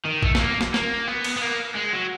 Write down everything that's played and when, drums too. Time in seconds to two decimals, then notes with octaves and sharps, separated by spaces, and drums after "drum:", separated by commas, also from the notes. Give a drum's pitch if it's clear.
0.05 D#3
0.22 A3, drum: kick A1
0.35 A3, drum: snare
0.39 A#3
0.61 drum: snare
0.74 A#3, drum: snare
1.07 B3
1.24 drum: cymbal
1.36 B3
1.42 A#3
1.75 G#3
1.93 F#3